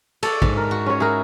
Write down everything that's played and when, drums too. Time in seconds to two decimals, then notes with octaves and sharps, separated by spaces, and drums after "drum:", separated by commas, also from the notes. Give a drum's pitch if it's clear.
0.23 A4 C#5 D5, drum: cymbal
0.42 G#2, drum: kick
0.57 A#4
0.71 F#4
0.86 C#4 C#5
1.00 E4 F#4 G#4 A#4